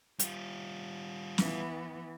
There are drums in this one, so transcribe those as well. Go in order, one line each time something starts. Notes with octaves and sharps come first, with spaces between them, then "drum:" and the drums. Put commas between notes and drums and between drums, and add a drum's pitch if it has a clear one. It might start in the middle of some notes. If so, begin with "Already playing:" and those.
G3 F4, drum: hi-hat
E3 B3, drum: snare